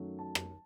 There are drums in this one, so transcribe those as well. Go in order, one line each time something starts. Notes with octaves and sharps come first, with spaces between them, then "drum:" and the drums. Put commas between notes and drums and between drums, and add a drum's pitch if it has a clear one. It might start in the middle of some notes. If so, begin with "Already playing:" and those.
Already playing: F#2 D#3 F#3 A3
A5
drum: rim click